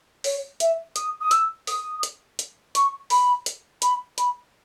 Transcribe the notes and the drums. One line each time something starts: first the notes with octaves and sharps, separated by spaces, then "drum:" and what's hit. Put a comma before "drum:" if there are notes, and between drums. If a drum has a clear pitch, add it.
C#5, drum: open hi-hat
E5, drum: hi-hat
D#6, drum: hi-hat
D#6
E6, drum: hi-hat
D#6, drum: open hi-hat
drum: hi-hat
drum: hi-hat
C#6, drum: hi-hat
B5, drum: open hi-hat
drum: hi-hat
B5, drum: hi-hat
B5, drum: hi-hat